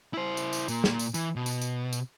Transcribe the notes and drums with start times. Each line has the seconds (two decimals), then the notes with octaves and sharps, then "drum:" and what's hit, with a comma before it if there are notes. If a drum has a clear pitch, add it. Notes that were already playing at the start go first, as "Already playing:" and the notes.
0.13 E4 C5
0.37 drum: tambourine
0.53 drum: tambourine
0.68 A#2 A#3, drum: tambourine
0.84 drum: snare
0.99 drum: tambourine
1.14 E3, drum: tambourine
1.36 B2
1.46 drum: tambourine
1.62 drum: tambourine
1.93 drum: tambourine